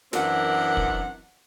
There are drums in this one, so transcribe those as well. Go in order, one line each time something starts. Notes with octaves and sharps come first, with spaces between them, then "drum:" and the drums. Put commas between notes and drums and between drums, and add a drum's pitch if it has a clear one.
F#2 E3 C4 D4 A#4 F#5, drum: snare
drum: kick